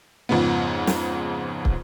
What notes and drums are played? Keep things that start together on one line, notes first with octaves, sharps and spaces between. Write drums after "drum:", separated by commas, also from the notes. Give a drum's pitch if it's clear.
F2 G#2 C#3 F3 B3
drum: snare
drum: kick